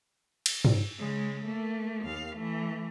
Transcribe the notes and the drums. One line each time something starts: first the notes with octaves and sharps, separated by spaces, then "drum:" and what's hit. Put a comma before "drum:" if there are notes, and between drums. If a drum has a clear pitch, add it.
drum: cymbal
drum: tom G2
C#3 G#3
A3 A#3
D#2 F5
E3 A3